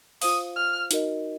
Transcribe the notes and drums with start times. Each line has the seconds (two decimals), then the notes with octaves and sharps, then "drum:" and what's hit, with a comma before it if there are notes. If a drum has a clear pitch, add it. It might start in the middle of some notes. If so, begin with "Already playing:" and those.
0.22 F4 C5 F5 D#6, drum: open hi-hat
0.56 F6
0.91 D#4 F#4 A#4 D#5, drum: hi-hat